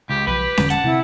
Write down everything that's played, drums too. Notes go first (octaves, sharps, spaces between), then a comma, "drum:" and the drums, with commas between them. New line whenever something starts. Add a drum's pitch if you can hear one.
C#2 G4
B1 F3 G4 B4
E1 D3, drum: snare C#4
F#5 A5, drum: hi-hat
C3 C4 E4